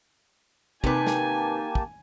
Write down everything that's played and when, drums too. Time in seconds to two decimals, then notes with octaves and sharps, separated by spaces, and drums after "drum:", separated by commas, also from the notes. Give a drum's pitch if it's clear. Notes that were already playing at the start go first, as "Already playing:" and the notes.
0.84 C3 D#3 A#3 G4 B4 G#5 A5, drum: kick
1.07 drum: snare
1.75 drum: kick